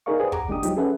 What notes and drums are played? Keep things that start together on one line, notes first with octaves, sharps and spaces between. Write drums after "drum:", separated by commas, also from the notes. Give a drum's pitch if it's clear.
D#4 G#4 A#4 D5 F5 C#6
G4 G#4 B4 C5 D5
F#5 A#5 D6, drum: kick
D#2 G#3 D4 G4 D#6
F3 F#3 D#4 G4, drum: hi-hat
C#4 G#4 A4 B4 E5 F#5